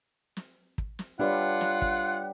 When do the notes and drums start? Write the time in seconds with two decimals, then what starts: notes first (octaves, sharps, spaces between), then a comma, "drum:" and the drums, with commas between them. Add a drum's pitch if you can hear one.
0.37 drum: snare
0.78 drum: kick
0.99 drum: snare
1.20 G3 D4 F4 G4 B4 C#5 F#5
1.61 drum: snare
1.82 drum: kick